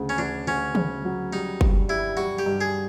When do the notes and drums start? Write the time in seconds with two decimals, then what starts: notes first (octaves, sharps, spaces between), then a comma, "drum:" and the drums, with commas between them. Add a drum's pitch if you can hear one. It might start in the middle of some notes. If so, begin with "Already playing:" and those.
Already playing: D2 C#3
0.09 C#4
0.18 D2 D4
0.47 D2 C#4
0.75 C#3, drum: tom
1.04 F#3
1.33 G3 D#4
1.61 G2, drum: kick F#1
1.88 G3 E4
2.17 G3 F#4
2.39 G4
2.46 G2
2.61 G#4